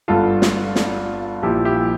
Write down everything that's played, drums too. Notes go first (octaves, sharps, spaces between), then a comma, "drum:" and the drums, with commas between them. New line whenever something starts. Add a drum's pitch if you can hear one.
G1 G2 D3 F4 A4
drum: snare
drum: snare
A#1 A#2 F3 E4 G4
E4 G4